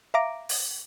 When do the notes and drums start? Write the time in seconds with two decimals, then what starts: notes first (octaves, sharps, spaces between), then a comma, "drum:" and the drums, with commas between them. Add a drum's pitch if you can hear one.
0.14 E5 F5 A#5 D6 A#6 D7
0.49 drum: open hi-hat